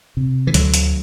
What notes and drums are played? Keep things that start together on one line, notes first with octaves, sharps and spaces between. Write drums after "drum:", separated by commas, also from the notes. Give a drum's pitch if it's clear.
C3
E3
D2 D3 F#3, drum: hi-hat
drum: hi-hat